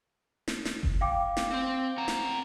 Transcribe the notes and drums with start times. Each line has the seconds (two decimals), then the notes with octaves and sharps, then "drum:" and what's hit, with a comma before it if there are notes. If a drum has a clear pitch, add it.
0.48 drum: snare
0.65 drum: snare
0.83 drum: kick F#1
1.01 F5 G5 D6
1.37 drum: snare
1.51 C4 C5
1.98 C4 F#5 A#5
2.08 drum: snare